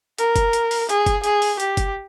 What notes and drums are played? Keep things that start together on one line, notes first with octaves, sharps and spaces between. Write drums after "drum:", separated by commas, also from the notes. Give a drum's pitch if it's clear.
A#4, drum: hi-hat
drum: kick, hi-hat
drum: hi-hat
drum: open hi-hat
G#4, drum: hi-hat
drum: kick, hi-hat
G#4, drum: hi-hat
drum: open hi-hat
G4, drum: hi-hat
drum: kick, hi-hat